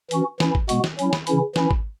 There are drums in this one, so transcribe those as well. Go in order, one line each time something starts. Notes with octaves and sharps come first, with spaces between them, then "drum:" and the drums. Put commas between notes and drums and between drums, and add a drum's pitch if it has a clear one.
E3 C#4 F#4, drum: hi-hat
E3 C#4 E4, drum: snare
drum: kick G#1
B2 G#3 B3 F#4, drum: hi-hat
drum: snare
F#3 C#4 E4, drum: hi-hat
drum: snare
C#3 E3 C#4 E4, drum: hi-hat
E3 C#4 E4, drum: snare
drum: kick G#1